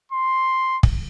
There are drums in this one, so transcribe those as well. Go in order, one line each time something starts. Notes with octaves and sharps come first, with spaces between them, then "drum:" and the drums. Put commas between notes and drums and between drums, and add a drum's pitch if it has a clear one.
C6
drum: kick